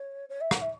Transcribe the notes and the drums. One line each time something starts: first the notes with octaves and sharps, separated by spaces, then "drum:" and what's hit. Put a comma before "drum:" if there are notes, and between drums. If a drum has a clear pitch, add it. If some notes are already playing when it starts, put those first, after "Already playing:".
Already playing: C#5
C#5
E5
F#5, drum: rim click
E5